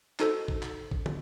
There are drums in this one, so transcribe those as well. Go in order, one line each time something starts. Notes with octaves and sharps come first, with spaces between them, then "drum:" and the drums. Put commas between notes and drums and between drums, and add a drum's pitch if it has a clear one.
D#4 F#4 A4 C5, drum: clap
drum: kick A1
drum: clap
drum: kick A1
drum: tom